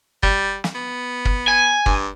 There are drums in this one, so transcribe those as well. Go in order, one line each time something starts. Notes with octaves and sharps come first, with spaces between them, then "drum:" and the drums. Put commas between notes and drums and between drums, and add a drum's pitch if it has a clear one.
G3, drum: kick
drum: snare
B3
drum: kick
G#5
G2, drum: kick